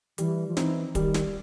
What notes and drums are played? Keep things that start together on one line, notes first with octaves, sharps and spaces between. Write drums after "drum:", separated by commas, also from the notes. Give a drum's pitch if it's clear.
E3 G3, drum: hi-hat
F3
E3 C4 D#4, drum: snare
D#3 G3, drum: kick, hi-hat
drum: snare